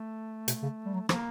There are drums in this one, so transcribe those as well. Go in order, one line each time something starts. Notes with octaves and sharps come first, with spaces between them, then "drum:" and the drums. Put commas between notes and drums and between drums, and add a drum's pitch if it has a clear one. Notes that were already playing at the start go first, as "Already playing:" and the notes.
Already playing: A3
B2, drum: hi-hat
C#3
G3
F#3
F3 A#3, drum: rim click